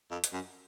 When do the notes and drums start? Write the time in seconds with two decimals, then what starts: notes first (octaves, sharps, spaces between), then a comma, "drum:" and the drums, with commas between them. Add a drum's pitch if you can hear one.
0.11 F2
0.24 drum: hi-hat
0.33 F#2